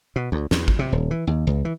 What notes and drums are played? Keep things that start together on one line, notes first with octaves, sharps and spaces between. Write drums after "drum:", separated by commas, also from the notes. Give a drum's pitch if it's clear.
B2
D2
E2, drum: snare
drum: kick G#1
C3
D#1
E3
D#2
C#2
E3